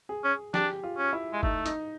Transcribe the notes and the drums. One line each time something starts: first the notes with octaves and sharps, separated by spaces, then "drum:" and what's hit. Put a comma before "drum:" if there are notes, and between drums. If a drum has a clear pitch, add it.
G#4
C#4
D4 G4, drum: snare
F4
C#4
E4
G#3
A3 D#4, drum: kick
D#4, drum: hi-hat